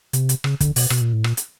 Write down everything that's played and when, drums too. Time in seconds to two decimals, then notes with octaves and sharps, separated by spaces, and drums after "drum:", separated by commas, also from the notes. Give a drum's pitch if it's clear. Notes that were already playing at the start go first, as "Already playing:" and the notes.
0.13 C3, drum: hi-hat
0.29 drum: hi-hat
0.44 C#3, drum: rim click
0.60 D3, drum: kick, hi-hat
0.76 B2, drum: open hi-hat
0.90 B2, drum: rim click
1.01 A#2
1.13 A2
1.24 A#2, drum: rim click
1.37 drum: hi-hat